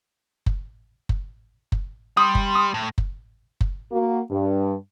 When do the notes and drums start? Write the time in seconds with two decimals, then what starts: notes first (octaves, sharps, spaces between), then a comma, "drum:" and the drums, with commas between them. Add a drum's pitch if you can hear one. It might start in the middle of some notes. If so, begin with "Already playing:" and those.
0.46 drum: kick F#1
1.09 drum: kick F#1
1.72 drum: kick F#1
2.17 G3 C6 D#6
2.35 drum: kick F#1
2.55 D#6
2.74 A2
2.98 drum: kick F#1
3.61 drum: kick F#1
3.92 A#3 F#4
4.30 G2